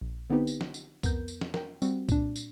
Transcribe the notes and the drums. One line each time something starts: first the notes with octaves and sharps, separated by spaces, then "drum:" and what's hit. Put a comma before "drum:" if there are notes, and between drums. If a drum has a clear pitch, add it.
A#1
D3 B3 C4 D#4 G4 B4
drum: tambourine
drum: snare
drum: tambourine
F2 B3 A#4 G6, drum: kick, tambourine
drum: tambourine
drum: snare
A#4 G5, drum: snare
G3 C4 F#4, drum: tambourine
A#2 D4, drum: kick, tambourine
drum: tambourine